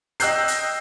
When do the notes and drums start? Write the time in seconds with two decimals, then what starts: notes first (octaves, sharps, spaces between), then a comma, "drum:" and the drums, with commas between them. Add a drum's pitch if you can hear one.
0.20 D#5 G5 E6 F#6 G6 C7, drum: hi-hat
0.48 drum: hi-hat